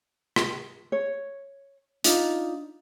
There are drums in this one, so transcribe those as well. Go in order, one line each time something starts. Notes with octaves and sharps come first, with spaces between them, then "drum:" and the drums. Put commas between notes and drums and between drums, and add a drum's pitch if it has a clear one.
drum: rim click
C#5
D4 D#4 F4, drum: hi-hat